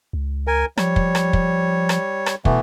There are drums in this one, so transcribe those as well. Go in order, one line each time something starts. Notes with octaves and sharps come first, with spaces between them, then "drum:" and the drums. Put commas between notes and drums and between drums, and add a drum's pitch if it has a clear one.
C#2
A#4 G#5
F3 G3 C#5, drum: rim click
drum: kick
drum: rim click
drum: kick
drum: rim click
drum: rim click
B2 E3 A3 B3, drum: kick